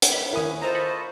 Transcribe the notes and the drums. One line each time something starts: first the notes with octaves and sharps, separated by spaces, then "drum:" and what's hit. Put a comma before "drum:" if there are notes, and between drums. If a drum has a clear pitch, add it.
drum: hi-hat
B5
D#2 C#4 E4 A#4 B4 D#6
F4 A4 C5 D#5 A#5
B5 C#6